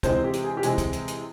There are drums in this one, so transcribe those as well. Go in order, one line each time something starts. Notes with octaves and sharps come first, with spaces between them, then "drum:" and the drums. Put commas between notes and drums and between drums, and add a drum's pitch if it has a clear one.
C3 E3 G#3 C4 C5, drum: kick, hi-hat
G4
drum: hi-hat
G#4
G4
C3 E3 G#3 C4 G#4, drum: hi-hat
drum: kick, hi-hat
drum: hi-hat
drum: hi-hat